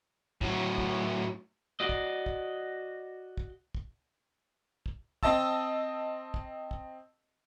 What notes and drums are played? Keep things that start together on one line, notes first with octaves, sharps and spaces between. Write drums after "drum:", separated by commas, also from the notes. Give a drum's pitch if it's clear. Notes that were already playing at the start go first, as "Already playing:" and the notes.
A2 F#3, drum: kick
drum: kick
F#4 D5 D#5
drum: kick
drum: kick
drum: kick
drum: kick
drum: kick
C4 D#5 A5 E6, drum: kick
drum: kick
drum: kick